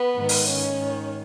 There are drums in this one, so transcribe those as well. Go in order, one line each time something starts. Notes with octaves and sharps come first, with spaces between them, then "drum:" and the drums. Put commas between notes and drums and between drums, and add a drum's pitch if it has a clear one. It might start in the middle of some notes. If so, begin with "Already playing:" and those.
Already playing: B3 B4
G#2 D#3
drum: open hi-hat
C#4 C#5
G#2 D#3